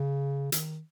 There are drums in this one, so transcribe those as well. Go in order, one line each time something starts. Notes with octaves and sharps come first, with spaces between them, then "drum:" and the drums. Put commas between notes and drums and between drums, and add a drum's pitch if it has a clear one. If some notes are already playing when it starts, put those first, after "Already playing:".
Already playing: C#3
D#3, drum: hi-hat